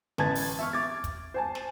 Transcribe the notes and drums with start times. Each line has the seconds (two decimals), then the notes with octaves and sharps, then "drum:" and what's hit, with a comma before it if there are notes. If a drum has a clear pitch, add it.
0.18 A1 B4 A5 G#6 A6, drum: snare
0.35 drum: open hi-hat
0.59 E5 C#6 F6
0.73 D6 G#6 A6
1.04 drum: kick, hi-hat
1.34 C5 G#5 A5
1.55 drum: snare